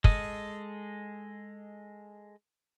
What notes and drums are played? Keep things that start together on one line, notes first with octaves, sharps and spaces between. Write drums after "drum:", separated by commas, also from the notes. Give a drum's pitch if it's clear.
G#3 A4 D#5, drum: kick